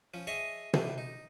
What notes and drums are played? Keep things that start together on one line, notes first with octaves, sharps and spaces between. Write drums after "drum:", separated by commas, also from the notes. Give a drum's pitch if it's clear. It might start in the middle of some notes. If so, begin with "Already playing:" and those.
F3 C#4
G#4 C#5 D#5 E5 G#5 A5
B2 D3 A3 C4, drum: tom
D#4